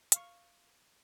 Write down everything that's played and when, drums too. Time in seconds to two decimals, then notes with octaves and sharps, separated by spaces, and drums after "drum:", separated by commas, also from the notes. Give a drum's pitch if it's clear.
0.12 F5 C#6, drum: hi-hat